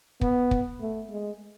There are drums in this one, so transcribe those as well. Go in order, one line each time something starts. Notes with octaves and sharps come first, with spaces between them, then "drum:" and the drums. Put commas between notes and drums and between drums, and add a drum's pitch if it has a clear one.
B3, drum: kick
drum: kick
A3
G#3